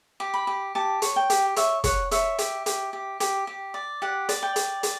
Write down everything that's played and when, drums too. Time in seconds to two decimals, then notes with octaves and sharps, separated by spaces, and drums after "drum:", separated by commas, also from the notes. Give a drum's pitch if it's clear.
0.20 G4
0.34 B5
0.47 G4
0.75 G4 A5
1.02 C#5, drum: hi-hat
1.16 G5
1.30 G4, drum: hi-hat
1.56 C#5 E5, drum: hi-hat
1.84 C#5 F#5, drum: kick, hi-hat
2.11 C#5 E5, drum: hi-hat
2.38 G4, drum: hi-hat
2.66 G4, drum: hi-hat
2.93 G4
3.20 G4, drum: hi-hat
3.47 G4
3.74 D5
4.02 G4 F#5
4.29 D5, drum: hi-hat
4.43 G5
4.56 D5, drum: hi-hat
4.83 D5, drum: hi-hat